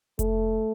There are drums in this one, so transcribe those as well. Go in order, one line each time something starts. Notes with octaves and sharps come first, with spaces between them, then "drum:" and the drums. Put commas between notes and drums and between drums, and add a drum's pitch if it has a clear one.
A3, drum: kick F1, hi-hat